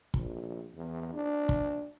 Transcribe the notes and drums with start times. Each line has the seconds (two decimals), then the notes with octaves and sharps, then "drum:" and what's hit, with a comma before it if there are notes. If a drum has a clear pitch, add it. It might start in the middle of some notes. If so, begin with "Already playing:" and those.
0.14 A#1, drum: kick
0.75 E2
1.14 D4
1.49 drum: kick